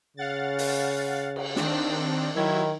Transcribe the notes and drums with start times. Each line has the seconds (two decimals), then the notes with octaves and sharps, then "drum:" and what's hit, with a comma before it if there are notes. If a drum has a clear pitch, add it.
0.17 C#3 F5 F#5 A6
0.59 drum: open hi-hat
1.36 drum: cymbal
1.56 D#3 C4 D4, drum: snare
2.36 D#3 F#3 E4 G#6